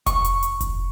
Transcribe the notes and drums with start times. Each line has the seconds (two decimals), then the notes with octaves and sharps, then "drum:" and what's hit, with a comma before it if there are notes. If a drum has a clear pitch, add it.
0.06 C#6, drum: kick F1, hi-hat
0.24 drum: hi-hat
0.43 drum: hi-hat
0.61 drum: kick F1, hi-hat